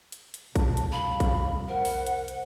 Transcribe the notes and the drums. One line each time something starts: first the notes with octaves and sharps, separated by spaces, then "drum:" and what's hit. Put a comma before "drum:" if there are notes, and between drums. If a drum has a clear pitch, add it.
drum: hi-hat
drum: hi-hat
B1 A5, drum: kick A#1, hi-hat
drum: hi-hat
C2 F2 F5 B5
drum: kick A#1, hi-hat
A#4 C5 F#5
drum: open hi-hat
drum: hi-hat
drum: hi-hat